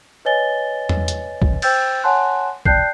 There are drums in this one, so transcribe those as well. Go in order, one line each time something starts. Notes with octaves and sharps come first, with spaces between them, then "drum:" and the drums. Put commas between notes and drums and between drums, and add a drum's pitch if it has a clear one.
B4 C#5 D#5 G#5 A6 G7
drum: tom E2
drum: hi-hat
drum: kick
C5 G5 E6 G6 A6, drum: cymbal
C#5 F#5 G#5 A5 C6 F#6
D5 G5 A5 F#6 G6 C7, drum: kick